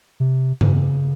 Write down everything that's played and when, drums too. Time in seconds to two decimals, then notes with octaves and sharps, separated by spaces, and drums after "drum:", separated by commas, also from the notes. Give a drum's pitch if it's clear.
0.20 C3
0.61 D3, drum: tom G2
0.66 C#3